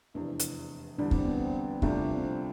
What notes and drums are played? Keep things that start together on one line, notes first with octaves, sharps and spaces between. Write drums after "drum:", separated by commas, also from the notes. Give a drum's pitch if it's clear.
F1 E2 C3 D4
drum: hi-hat
E2 D3 G3 D4
C4, drum: kick
B3
C4
C2 C3 F3 A3 D4, drum: kick
C4
D4